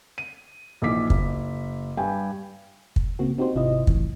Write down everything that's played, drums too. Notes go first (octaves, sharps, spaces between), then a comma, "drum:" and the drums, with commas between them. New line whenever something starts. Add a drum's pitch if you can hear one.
D#7
A#1 E3 D#4 D6 B6
F#1, drum: kick
G2 G5 G#5
drum: kick
C#3 A#3 C4 F#4
C4 D#4 F#4 G4 C5
G#1 C3 E4 F4 D#5
B1 A2 E3, drum: kick